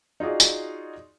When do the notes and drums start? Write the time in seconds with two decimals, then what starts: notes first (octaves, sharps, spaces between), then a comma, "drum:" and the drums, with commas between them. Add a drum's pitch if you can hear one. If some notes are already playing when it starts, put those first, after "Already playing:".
0.20 D#4 F4 F#4 G#4 D5
0.40 drum: tambourine